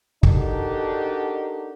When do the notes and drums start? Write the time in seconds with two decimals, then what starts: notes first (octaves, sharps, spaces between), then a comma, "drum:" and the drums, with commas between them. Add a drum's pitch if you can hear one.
0.23 D4 D#4 F#4 G4 A4 A#4, drum: kick